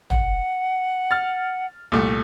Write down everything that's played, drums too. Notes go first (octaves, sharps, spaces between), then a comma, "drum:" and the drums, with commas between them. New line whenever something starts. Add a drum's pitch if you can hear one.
F#5, drum: tom
F6 A6
C2 A#2 A3